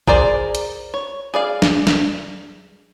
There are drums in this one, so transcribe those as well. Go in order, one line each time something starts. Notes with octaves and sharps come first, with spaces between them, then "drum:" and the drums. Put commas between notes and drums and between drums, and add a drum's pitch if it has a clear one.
G#4 A#4 C5 D5, drum: kick
drum: hi-hat
C#5
G#4 D5 F5
drum: snare
drum: snare